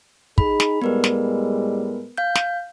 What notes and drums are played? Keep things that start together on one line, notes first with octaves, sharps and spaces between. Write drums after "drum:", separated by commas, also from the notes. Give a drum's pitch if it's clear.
D#4 G#4 B5, drum: kick
drum: snare
A2 G3 G#3 B3 A#4 B4
drum: snare
F5 G6
drum: snare